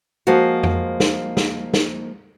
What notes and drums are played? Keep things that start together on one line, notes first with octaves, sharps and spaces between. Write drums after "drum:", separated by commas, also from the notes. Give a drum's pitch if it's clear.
F3 G#3 A#3 F#4
drum: tom F2
drum: snare
drum: snare
drum: snare